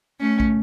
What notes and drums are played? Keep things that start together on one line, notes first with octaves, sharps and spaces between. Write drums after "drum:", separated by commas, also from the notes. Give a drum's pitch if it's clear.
A3 C#4
drum: kick